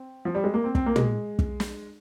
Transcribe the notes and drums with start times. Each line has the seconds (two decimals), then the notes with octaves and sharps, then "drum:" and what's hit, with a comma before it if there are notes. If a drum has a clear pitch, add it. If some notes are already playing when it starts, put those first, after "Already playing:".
Already playing: C4
0.25 F3
0.35 G3
0.44 G#3
0.54 A#3
0.64 C4
0.75 C4, drum: kick
0.86 A#3
0.96 G#3, drum: tom
1.39 drum: kick
1.60 drum: snare